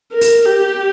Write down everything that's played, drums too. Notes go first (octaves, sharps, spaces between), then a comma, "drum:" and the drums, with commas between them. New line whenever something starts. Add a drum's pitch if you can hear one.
A#4
drum: open hi-hat
G4